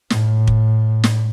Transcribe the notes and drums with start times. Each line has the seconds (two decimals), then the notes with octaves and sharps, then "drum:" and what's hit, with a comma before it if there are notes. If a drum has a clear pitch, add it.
0.10 A2, drum: snare
0.48 drum: kick
1.04 drum: snare